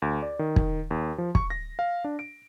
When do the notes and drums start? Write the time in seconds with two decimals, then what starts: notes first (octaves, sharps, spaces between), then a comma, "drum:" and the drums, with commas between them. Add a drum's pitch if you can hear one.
0.02 D2
0.22 D5
0.39 D#3
0.56 drum: kick
0.91 D#2
1.18 F3
1.35 C#6, drum: kick
1.50 A#6
1.79 F5
2.04 D4
2.19 D7